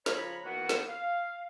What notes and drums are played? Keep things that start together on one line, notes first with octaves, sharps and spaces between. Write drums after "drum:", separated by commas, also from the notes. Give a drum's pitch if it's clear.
C#3 F3 C#5 A#5 B5, drum: snare
D#3 E3 A#3 B3 F#4
drum: snare
F5